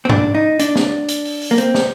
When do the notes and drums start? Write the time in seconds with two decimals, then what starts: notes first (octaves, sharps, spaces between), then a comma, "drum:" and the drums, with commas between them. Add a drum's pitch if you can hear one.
0.05 C4
0.09 D4, drum: tom G2
0.35 D#4
0.59 D4, drum: hi-hat
0.76 drum: snare
1.09 drum: hi-hat
1.25 drum: open hi-hat
1.42 drum: open hi-hat
1.51 A#3
1.58 C4, drum: hi-hat
1.75 drum: snare